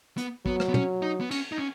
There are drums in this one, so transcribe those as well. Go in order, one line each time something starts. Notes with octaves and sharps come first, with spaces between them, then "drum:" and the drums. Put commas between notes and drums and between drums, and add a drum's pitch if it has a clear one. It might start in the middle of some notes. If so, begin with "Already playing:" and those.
B3, drum: hi-hat
F#3 B3, drum: kick
drum: rim click
B3
C#4, drum: tom
D#4
B3
C#4, drum: cymbal
D#4
C#4